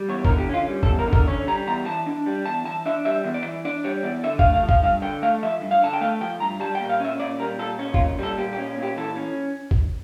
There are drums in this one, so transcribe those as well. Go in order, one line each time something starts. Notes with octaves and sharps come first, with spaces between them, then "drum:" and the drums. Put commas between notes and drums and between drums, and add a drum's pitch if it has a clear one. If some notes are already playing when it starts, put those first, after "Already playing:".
Already playing: G3
E2 C#5
A#4, drum: kick
D3
G4
C#4 F4
G3
A4, drum: kick
E2
A#4
D3
A#4, drum: kick
C#4 C#5
G3 A#5
E2 A#5
E3 A5
D4
G3
E2 A5
E3 A5
D4 E5
G3 E5
E2
D5
E3
D4 D5
G3 C#5
E2 D5
D3 E5
F5, drum: kick
A3
F5
F3
F5, drum: kick
G2 F5
D3 G5
A3 F5
F3 E5
G2
F5
D3 A5
G5
A3 F5
F3 G5
G2 A#5
G3 A5
G5
A#2
F5
C#4 E5
A#2 D5
G3 A#4
A#2 A4
C#4
F4, drum: kick
A#2
G3 A4
A#2 G4
G4
C#4
A#2 G4
E3 A4
C#4
drum: kick